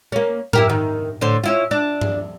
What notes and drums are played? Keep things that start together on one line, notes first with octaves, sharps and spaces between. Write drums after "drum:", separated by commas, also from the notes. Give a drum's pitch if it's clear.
A#3 C#4
E4 G4 A#4, drum: tom G#2
D#3
A2 D3 C5
C#4 E4 F4
D4
drum: tom G2